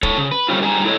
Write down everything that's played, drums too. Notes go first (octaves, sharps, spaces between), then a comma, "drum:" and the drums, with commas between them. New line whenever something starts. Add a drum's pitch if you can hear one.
A4 C#5, drum: kick
C#3
B4
G3 A3 A#3 C4 C#4 F4
G2 G4 G#4 D#5 G#5 A#5
E4 A4 C#5 D#5